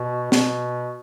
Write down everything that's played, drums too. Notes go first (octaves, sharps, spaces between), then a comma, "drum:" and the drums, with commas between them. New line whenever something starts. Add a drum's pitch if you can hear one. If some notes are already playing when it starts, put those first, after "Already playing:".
Already playing: B2
B2, drum: snare